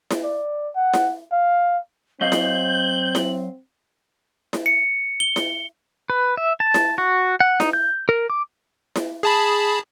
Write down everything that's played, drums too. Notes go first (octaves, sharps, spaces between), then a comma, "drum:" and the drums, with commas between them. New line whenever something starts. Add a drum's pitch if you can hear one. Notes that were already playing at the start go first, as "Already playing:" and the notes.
drum: snare E4
D5
F#5
drum: snare E4
F5
F#3 C4 D#5 F5 G6 F#7
drum: snare E4
drum: snare E4
drum: snare E4
C#7
G7
drum: snare E4
B4
E5
A5
drum: snare E4
F#4
F#5
D#4, drum: snare E4
G6
A#4
D6
drum: snare E4
G#4 A5 B5